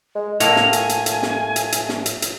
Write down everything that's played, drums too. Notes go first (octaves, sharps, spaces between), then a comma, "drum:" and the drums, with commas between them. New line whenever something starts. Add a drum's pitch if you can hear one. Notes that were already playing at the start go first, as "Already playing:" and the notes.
G#3
A2 A3 A#3 F7, drum: hi-hat
drum: snare
G#5, drum: hi-hat
drum: hi-hat
drum: hi-hat
drum: snare
drum: hi-hat
drum: hi-hat
drum: snare
drum: hi-hat
drum: hi-hat